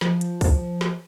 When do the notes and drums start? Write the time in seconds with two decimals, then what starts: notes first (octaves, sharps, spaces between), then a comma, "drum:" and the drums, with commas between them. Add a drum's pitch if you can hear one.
0.01 F3, drum: snare
0.21 drum: hi-hat
0.41 drum: kick, open hi-hat
0.81 drum: snare